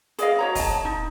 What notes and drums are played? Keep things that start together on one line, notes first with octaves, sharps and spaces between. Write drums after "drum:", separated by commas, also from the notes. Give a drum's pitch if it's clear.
G#4 D5 D#5 F5, drum: hi-hat
F#4 C#5 A#5
D#5 A5, drum: kick, open hi-hat
D#4